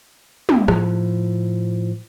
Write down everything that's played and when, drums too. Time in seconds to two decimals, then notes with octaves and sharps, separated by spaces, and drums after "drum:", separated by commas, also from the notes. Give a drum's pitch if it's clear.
0.49 drum: tom
0.68 A2 F3, drum: rim click